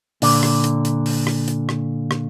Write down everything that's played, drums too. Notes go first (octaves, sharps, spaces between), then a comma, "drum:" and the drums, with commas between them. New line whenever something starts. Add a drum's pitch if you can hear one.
A#2 D3 D5, drum: open hi-hat
drum: rim click
drum: hi-hat
drum: hi-hat
drum: open hi-hat
drum: rim click
drum: hi-hat
drum: rim click
drum: rim click